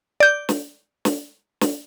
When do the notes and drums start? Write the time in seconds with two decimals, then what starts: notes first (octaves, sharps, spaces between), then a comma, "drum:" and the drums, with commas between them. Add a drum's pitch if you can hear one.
0.20 D5 G6
0.49 drum: snare
1.05 drum: snare
1.61 drum: snare